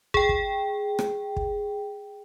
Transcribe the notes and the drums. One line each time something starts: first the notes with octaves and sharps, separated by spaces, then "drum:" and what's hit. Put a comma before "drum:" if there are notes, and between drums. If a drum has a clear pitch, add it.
G#4 G5, drum: kick
drum: kick
drum: rim click
drum: kick